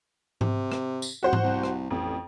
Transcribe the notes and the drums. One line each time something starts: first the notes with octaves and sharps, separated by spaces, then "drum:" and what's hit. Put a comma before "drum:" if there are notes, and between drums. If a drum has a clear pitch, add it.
C3, drum: tom G#2
drum: rim click
drum: tambourine
C2 F#4 C5 F#5
drum: tom G#2
C2
drum: rim click
A1 F2